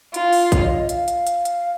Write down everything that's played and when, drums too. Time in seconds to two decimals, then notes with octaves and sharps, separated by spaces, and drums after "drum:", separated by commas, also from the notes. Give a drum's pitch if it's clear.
0.14 F4 F5, drum: hi-hat
0.33 drum: open hi-hat
0.52 C#5, drum: kick, hi-hat
0.64 D#5
0.89 F5, drum: hi-hat
1.08 drum: hi-hat
1.27 drum: hi-hat
1.45 drum: hi-hat